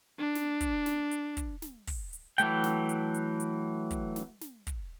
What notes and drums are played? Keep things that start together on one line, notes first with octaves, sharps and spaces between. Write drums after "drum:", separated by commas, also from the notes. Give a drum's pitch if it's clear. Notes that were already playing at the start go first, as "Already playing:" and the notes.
D4
drum: snare
drum: kick, hi-hat
drum: snare
drum: hi-hat
drum: kick, hi-hat
drum: snare
drum: kick, open hi-hat
drum: hi-hat
E3 F#3 A3 G5, drum: hi-hat
drum: snare
drum: hi-hat
drum: hi-hat
drum: hi-hat
drum: kick, hi-hat
drum: snare
drum: snare
drum: kick, hi-hat